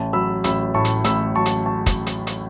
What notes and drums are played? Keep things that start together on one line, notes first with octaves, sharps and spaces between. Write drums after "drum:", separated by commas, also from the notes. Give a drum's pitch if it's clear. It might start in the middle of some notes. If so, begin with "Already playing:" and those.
Already playing: A1 A5
F#3 B5 E6
A1 B5 E6, drum: hi-hat
A2 A5 C#6
drum: hi-hat
A1 B5 E6, drum: hi-hat
F#3 A5 C#6
drum: hi-hat
A5 C#6
drum: kick, hi-hat
drum: hi-hat
drum: hi-hat